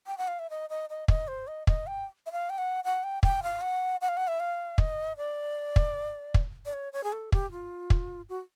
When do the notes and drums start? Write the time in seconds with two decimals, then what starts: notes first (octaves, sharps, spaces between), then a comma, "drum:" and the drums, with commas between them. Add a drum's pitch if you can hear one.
0.06 G5
0.18 F#5
0.28 F5
0.39 E5
0.50 D#5
0.70 D#5
0.90 D#5
1.08 D#5, drum: kick
1.28 C5
1.47 D#5
1.67 D#5, drum: kick
1.87 G5
2.26 E5
2.32 F5
2.50 G5
2.58 F#5
2.84 F#5
3.03 G5
3.23 G5, drum: kick
3.43 F5
3.61 F#5
4.01 F#5
4.08 F5
4.17 F#5
4.27 E5
4.40 F5
4.78 D#5, drum: kick
5.17 D5
5.76 drum: kick
6.34 drum: kick
6.65 D5
6.73 C#5
6.93 C#5
7.03 G#4
7.12 A4
7.32 G4, drum: kick
7.51 F4
7.90 drum: kick
8.29 F#4